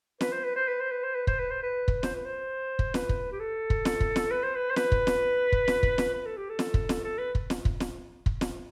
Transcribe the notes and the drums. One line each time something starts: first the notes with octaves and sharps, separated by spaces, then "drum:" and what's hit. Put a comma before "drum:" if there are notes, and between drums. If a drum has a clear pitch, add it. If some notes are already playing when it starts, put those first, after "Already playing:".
B4, drum: snare
C5
B4
C5
B4
C5
B4
C5
B4
C5, drum: kick
B4
C5
B4
drum: kick
C5, drum: snare
B4
C5
drum: kick
B4, drum: snare
drum: kick
G4
A4
drum: kick
drum: snare
drum: kick
drum: snare
B4
C5
B4
C5
B4, drum: snare
drum: kick
drum: snare
drum: kick
drum: snare
drum: kick
drum: snare
B4
A4
G4
A4
drum: snare
drum: kick
drum: snare
A4
B4
drum: kick
drum: snare
drum: kick
drum: snare
drum: kick
drum: snare